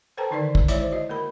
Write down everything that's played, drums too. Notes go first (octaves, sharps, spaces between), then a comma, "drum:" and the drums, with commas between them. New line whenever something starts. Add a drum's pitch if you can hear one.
A4 B4 C5 G5 A5 A#5
D3 D#3 D#4 A#4 B4 D5
drum: kick
G#3 E4 C#5 D5, drum: hi-hat
C5
F#4 D#5
A#3 A#4 B5